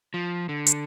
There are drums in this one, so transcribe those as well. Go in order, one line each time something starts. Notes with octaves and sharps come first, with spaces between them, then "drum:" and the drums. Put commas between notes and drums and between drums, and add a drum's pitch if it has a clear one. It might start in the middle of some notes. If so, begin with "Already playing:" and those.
F3
D3
drum: hi-hat